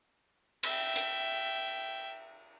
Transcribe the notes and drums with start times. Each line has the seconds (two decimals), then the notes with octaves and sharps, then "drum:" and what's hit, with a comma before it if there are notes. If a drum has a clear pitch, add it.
0.63 E5 G5, drum: cymbal
0.96 drum: hi-hat
2.09 drum: tambourine